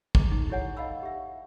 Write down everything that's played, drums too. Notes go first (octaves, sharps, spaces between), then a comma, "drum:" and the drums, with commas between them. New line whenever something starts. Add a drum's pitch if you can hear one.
G#4 A#5 D6, drum: kick
D#4
E4 G4 A4 C#5 F#5 G#5
D#4 D#5 F5 F#5 B5 E6
G4 E5